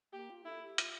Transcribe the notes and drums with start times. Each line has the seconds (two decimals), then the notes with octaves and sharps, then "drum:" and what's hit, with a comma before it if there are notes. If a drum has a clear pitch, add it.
0.13 A#3 G4
0.30 F4
0.45 E4 A4
0.62 G4
0.78 F4, drum: hi-hat